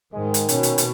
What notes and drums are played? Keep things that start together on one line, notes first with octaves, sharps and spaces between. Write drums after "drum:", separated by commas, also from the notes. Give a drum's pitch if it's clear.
G#2 D#3 G#3
drum: hi-hat
B2 C#4, drum: hi-hat
drum: hi-hat
drum: hi-hat